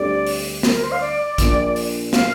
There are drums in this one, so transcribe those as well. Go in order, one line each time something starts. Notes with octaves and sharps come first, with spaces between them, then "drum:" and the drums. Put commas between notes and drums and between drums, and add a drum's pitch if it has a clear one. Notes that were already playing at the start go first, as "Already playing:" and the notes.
Already playing: D2 D3 G3 C4 G4 D5
drum: open hi-hat
A#4, drum: snare
A#4
C5
F5
D5
A#1 A#2 F3 D4, drum: kick, hi-hat
drum: open hi-hat
F5, drum: snare